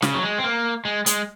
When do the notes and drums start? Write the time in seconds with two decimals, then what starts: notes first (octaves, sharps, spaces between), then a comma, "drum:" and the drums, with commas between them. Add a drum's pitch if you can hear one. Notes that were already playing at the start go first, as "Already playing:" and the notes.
0.02 C#3, drum: snare
0.14 F#3
0.23 G#3
0.38 C4
0.44 A#3
0.85 G#3
1.06 G#3, drum: hi-hat